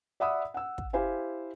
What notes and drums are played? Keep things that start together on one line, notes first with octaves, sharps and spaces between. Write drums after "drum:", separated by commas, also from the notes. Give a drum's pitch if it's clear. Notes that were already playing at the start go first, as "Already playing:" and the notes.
D5 E5 F#5 B5 D#6 E6
F#5 E6
drum: kick
E4 G4 C5 F5 G#5